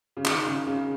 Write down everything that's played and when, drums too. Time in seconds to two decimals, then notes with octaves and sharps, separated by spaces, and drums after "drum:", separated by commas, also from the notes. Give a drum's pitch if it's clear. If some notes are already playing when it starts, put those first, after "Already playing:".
0.17 C#3
0.25 D#3, drum: clap
0.47 C#3
0.67 C#3